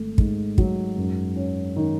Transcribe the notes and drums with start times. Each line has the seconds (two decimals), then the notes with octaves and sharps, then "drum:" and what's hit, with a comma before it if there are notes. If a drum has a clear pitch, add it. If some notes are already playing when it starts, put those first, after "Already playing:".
Already playing: G#1 A3
0.18 G#2, drum: kick
0.58 F#3, drum: kick
0.97 F#2
1.36 C#4
1.76 D#3